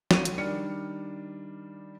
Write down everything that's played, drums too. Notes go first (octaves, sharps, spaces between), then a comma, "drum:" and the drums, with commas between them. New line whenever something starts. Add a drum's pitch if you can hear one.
F#3 C#6 D#7, drum: snare
drum: hi-hat
D#3 G3 D4 F6 C#7